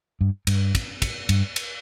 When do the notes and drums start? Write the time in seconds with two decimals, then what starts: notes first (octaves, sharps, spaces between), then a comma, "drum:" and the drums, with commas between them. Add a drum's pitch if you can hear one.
0.21 G2
0.47 G2, drum: cymbal
0.75 drum: kick, cymbal
1.02 drum: kick, cymbal
1.29 G2, drum: cymbal
1.56 drum: cymbal